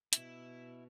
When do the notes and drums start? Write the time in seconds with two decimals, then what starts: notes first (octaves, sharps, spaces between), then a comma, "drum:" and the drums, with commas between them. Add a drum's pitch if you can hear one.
0.13 B2 E4, drum: hi-hat